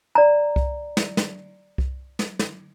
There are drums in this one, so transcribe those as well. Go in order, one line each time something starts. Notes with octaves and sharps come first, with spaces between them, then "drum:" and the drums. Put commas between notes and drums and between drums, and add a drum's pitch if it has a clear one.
D5 A#5
drum: kick C2
drum: snare
drum: snare
drum: kick C2
drum: snare
drum: snare